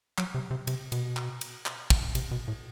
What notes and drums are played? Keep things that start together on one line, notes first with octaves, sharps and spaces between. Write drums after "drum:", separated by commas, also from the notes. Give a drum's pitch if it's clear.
F#3, drum: clap
C3
C3
C3, drum: cymbal
B2, drum: cymbal
drum: clap
drum: cymbal
drum: clap
drum: kick
C3, drum: cymbal
B2
A2